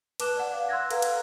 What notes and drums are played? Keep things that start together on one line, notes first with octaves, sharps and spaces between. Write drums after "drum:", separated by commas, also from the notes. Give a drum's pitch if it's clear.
B4 A5 D6 F#6 E7 G7, drum: cymbal
D5 F#5
F5
C6 E6 F#6 G#6 A#6
A4 B4 F5 F#5 A#5, drum: cymbal
drum: cymbal